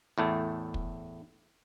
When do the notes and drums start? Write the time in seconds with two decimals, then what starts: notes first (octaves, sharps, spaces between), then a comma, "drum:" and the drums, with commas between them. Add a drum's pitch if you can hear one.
0.18 E2 A2 A3
0.74 drum: kick